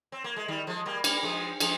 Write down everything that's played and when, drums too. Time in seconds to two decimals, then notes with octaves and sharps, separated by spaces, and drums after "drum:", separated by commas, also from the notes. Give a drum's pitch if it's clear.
0.12 C4
0.24 A#3
0.36 G#3
0.48 D#3 G3
0.67 F3 G#3
0.86 G3 A#3
1.04 G3 A#3, drum: cymbal
1.23 F3 G#3
1.60 F3 G#3, drum: cymbal